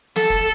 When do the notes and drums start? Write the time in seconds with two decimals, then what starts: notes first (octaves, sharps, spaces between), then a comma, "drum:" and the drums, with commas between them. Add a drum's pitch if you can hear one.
0.16 A4, drum: snare
0.30 drum: kick